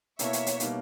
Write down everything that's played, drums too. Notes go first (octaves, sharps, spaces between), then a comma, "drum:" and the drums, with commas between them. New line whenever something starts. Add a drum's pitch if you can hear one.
B2 A#3 E4 C#5 E5, drum: hi-hat
drum: hi-hat
drum: hi-hat
B2 G3 A#3 D#4, drum: hi-hat